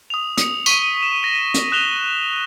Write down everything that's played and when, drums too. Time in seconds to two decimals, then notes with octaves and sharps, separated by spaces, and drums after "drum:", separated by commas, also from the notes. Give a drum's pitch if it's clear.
0.10 D#6 F7
0.37 D#6 C#7, drum: hi-hat
0.66 C#6 B6 D#7 G7, drum: tambourine
1.03 E7
1.23 A#6 D#7
1.54 drum: hi-hat
1.72 D#6 F#6 E7 F7 G7